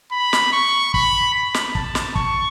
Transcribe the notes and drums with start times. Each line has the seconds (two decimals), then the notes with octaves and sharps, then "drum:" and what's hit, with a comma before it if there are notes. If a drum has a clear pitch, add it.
0.12 B5
0.33 drum: snare
0.53 C#6
0.94 B5, drum: kick
1.34 B5
1.54 drum: snare
1.75 A5, drum: kick
1.95 drum: snare
2.16 C#6, drum: kick